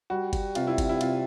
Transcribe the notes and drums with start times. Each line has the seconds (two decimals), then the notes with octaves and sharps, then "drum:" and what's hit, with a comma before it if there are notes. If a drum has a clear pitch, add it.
0.10 G3 F#4
0.33 drum: kick G1, cymbal
0.55 C3 F4, drum: cymbal
0.67 E4
0.78 drum: kick G1, cymbal
0.89 E4
1.01 C3 F4, drum: cymbal